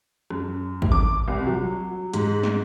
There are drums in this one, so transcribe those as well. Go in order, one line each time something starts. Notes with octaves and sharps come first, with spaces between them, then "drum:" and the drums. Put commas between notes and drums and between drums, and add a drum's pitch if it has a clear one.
F#2, drum: rim click
drum: kick
D6
C2
F#3
G#2, drum: hi-hat
drum: snare